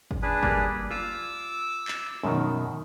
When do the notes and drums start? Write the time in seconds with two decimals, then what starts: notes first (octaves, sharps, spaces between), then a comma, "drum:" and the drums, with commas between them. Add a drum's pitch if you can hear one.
0.11 drum: kick
0.22 D4 G#4 B4
0.43 G3 A#3 D5, drum: kick
0.91 F4 D6 E6
1.88 drum: clap
2.24 F#2 B2 D#3, drum: tom D#3